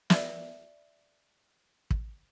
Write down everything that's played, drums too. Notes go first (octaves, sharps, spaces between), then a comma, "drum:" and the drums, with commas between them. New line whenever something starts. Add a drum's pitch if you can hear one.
D5 E5, drum: snare
drum: kick